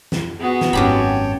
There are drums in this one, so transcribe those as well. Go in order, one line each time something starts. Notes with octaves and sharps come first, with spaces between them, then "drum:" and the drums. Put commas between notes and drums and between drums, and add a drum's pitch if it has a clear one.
drum: snare
B3 F#4 G#4
drum: snare
D#1 G#1 F#2 G4 C#5 G5 A5 B5